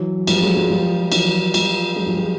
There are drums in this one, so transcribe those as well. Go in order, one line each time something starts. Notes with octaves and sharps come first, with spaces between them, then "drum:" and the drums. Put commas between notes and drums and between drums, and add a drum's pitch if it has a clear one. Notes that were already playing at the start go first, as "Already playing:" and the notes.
Already playing: E3 F#3
F3 G3, drum: cymbal
F#3 G#3
F#3 G#3
F3 G3
E3 F#3, drum: cymbal
F3 G3, drum: cymbal
F#3 G#3
F3 G3
F#3 G#3